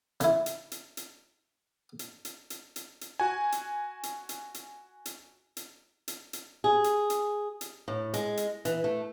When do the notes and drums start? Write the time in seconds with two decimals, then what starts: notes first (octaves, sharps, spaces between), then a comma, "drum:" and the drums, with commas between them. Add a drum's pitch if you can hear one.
0.20 C#3 E4, drum: hi-hat
0.46 drum: hi-hat
0.72 drum: hi-hat
0.97 drum: hi-hat
1.99 drum: hi-hat
2.25 drum: hi-hat
2.50 drum: hi-hat
2.76 drum: hi-hat
3.01 drum: hi-hat
3.20 F#4 G#5
3.52 drum: hi-hat
4.03 drum: hi-hat
4.29 drum: hi-hat
4.54 drum: hi-hat
5.06 drum: hi-hat
5.57 drum: hi-hat
6.08 drum: hi-hat
6.33 drum: hi-hat
6.64 G#4
6.84 drum: hi-hat
7.10 drum: hi-hat
7.61 drum: hi-hat
7.88 A2
8.14 G#3, drum: hi-hat
8.37 drum: hi-hat
8.65 E3, drum: hi-hat
8.84 A3